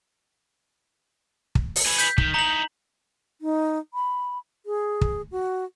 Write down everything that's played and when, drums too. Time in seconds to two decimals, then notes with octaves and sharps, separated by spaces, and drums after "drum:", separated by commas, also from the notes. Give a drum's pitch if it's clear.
1.55 drum: kick
1.76 drum: open hi-hat
1.86 G#4 B4
1.98 G6 B6, drum: hi-hat
2.18 D#3, drum: kick
2.34 D#4 E4 A#5 F#7
3.41 D#4
3.94 B5
4.66 G#4
5.01 drum: kick
5.31 F#4